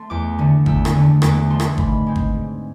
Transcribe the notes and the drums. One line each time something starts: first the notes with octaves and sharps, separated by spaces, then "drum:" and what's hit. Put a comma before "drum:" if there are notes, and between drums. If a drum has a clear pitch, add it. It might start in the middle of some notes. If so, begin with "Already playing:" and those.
Already playing: A3 C6
E2 D6
D3 A3
E2 E6, drum: kick G1
drum: rim click
D3 A3
E2 D6, drum: rim click
D3 A3 C6
drum: rim click
G#2 B5, drum: kick G1
G#3 C4
drum: kick G1
G#2